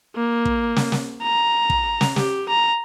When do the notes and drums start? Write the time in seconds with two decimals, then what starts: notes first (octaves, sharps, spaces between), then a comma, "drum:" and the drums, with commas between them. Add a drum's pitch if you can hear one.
0.16 A#3
0.45 drum: kick
0.76 drum: snare
0.92 drum: snare
1.23 A#5
1.70 drum: kick
2.01 drum: snare
2.16 G4, drum: snare
2.49 A#5